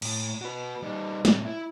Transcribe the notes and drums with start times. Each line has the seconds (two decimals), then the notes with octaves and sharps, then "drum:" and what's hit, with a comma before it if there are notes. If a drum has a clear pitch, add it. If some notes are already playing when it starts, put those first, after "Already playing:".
0.02 A2, drum: cymbal
0.42 F#4 B4
0.82 G3 D#4
1.25 A2 C3, drum: snare
1.44 E4